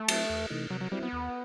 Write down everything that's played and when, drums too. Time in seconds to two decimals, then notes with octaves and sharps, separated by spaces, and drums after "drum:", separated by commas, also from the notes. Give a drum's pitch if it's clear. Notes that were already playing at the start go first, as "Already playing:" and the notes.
Already playing: A3
0.08 F#3 C4 E4, drum: cymbal
0.29 E2
0.50 C3 E3 A3 D#4
0.70 C3 F#3
0.81 F#3
0.92 F#3 G3 C4 E4
1.03 B3
1.12 D#2